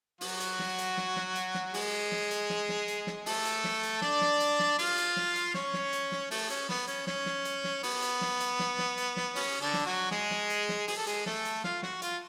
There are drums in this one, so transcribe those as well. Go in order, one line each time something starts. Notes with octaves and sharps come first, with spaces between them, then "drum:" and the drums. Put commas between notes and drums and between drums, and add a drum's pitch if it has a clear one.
F#3 F#4, drum: open hi-hat
drum: hi-hat
drum: snare
drum: hi-hat
drum: snare
drum: snare
drum: hi-hat
drum: snare
G#3 G#4, drum: open hi-hat
drum: snare
drum: hi-hat
drum: snare
drum: snare
drum: hi-hat
drum: snare
A3 A4, drum: open hi-hat
drum: hi-hat
drum: snare
drum: hi-hat
D4 D5, drum: snare
drum: snare
drum: hi-hat
drum: snare
F4 F5, drum: open hi-hat
drum: hi-hat
drum: snare
drum: hi-hat
C#4 C#5, drum: snare
drum: snare
drum: hi-hat
drum: snare
A3 A4, drum: open hi-hat
C#4, drum: hi-hat
B3, drum: snare
C#4, drum: hi-hat
C#4, drum: snare
drum: snare
drum: hi-hat
drum: snare
B3, drum: open hi-hat
drum: hi-hat
drum: snare
drum: hi-hat
drum: snare
drum: snare
drum: hi-hat
drum: snare
C#4, drum: open hi-hat
D3 D4
drum: snare
F#3 F#4
G#3 G#4, drum: snare
drum: snare
drum: hi-hat
drum: snare
G#4, drum: open hi-hat
A4
G#3 G#4, drum: hi-hat
A3 A4, drum: snare
drum: hi-hat
F4 F5, drum: snare
F#4 F#5, drum: snare
F4 F5, drum: hi-hat